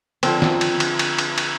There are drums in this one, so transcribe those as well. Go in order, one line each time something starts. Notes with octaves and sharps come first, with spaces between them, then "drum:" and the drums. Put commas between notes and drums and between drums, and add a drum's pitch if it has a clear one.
D3 F3 C4, drum: cymbal
drum: snare
drum: cymbal
drum: cymbal
drum: cymbal
drum: cymbal
drum: cymbal